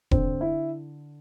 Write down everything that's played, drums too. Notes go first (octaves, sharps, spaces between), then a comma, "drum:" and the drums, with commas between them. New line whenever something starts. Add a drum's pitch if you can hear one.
D3 C4, drum: kick E1
E4